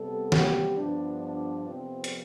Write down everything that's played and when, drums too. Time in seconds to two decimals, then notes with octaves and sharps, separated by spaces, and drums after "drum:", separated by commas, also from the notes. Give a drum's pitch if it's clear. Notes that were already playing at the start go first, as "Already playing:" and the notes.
Already playing: C3 G3 B3 A4
0.32 G4, drum: snare
0.77 G2 F3 B3 D4
1.22 D4
1.67 F2 C3 F3 B3 C4
2.04 drum: hi-hat